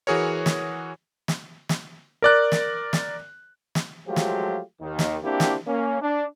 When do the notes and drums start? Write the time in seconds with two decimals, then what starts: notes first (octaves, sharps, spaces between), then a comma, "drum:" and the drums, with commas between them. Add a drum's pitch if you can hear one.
0.07 E3 F#4 G#4 A#4 C#5
0.46 drum: snare
1.28 drum: snare
1.69 drum: snare
2.22 A#4 D5 F#6
2.52 drum: snare
2.93 drum: snare
3.75 drum: snare
4.07 F3 F#3 G#3 A3 F4 G4
4.16 drum: snare
4.81 D#2 D#3
4.99 drum: snare
5.24 A#3 C4 D4 E4 F#4 G4
5.40 drum: snare
5.67 A#3 C#4
6.02 D4